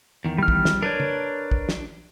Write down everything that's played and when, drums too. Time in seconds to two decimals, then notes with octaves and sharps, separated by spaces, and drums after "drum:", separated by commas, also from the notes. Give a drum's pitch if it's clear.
0.25 E2 D#3
0.38 G3 F6
0.48 drum: kick
0.65 drum: snare
0.83 D4 A#4 B4 C#5
1.00 drum: tom
1.51 drum: kick
1.69 drum: snare